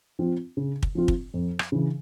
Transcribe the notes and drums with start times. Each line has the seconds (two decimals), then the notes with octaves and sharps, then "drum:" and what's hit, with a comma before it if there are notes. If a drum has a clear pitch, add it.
0.19 F3 C4 F4
0.57 C#3
0.83 drum: kick
0.95 F3 C4 F4
1.08 drum: kick
1.34 F2
1.59 drum: rim click
1.72 C#3 E3